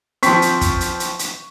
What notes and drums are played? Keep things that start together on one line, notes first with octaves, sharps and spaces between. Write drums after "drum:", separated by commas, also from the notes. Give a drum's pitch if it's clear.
F3 C4 C#6 B6, drum: hi-hat
drum: hi-hat
drum: kick, hi-hat
drum: hi-hat
drum: hi-hat
drum: hi-hat